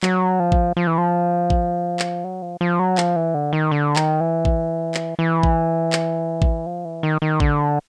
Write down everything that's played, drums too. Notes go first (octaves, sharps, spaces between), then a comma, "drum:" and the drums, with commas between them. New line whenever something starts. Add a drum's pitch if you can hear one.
F#3, drum: clap
F3
drum: kick
F3
E3
F3
drum: kick
drum: clap
F#3
F3
F3
F#3
F3, drum: clap
E3
D3
D#3
D3
D#3, drum: clap
E3
drum: kick
drum: clap
E3
drum: kick
drum: clap
drum: kick
F3
E3
D#3
D#3
D3, drum: kick